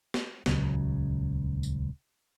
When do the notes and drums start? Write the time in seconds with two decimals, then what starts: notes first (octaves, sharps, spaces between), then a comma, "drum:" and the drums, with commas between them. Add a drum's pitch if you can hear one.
0.14 drum: snare
0.46 D#1 C#2 C#3 F#3, drum: snare
1.63 drum: tambourine